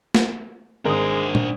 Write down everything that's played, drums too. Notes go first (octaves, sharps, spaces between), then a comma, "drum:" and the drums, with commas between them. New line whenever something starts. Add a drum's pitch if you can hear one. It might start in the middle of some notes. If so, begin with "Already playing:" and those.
drum: snare
G#1 G#3 D4 A#4 C5 D#6
drum: tom